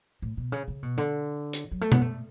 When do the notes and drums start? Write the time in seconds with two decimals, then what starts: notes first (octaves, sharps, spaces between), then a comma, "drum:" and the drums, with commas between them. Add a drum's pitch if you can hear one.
0.22 A2
0.37 B2
0.52 C#3
0.68 C#3
0.83 B2
0.98 D3
1.53 drum: hi-hat
1.71 F#3
1.81 A3
1.92 B3, drum: tom B2
2.01 A3